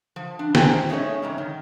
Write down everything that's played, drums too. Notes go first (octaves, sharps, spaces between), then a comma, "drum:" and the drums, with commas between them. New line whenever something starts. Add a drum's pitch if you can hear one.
F3
D4
F3 C5 G5 G#5 A#5, drum: snare
F#3 G#3 A3 C#4 D#4 C#5
F2 G#2 C#4
D#3